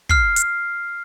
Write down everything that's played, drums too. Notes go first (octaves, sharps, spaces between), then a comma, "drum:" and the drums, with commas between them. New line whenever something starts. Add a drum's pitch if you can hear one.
F6 C7, drum: kick
drum: hi-hat